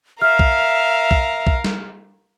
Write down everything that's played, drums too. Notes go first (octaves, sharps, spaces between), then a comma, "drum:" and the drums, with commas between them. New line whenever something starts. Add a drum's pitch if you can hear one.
A#4 E5 F5 F6
drum: kick B1
drum: kick B1
drum: kick B1
drum: snare G3